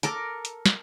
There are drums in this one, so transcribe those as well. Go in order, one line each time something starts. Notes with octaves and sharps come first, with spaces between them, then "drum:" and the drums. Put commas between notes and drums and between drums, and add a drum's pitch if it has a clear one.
A4 A#4 D6, drum: hi-hat
drum: hi-hat
drum: snare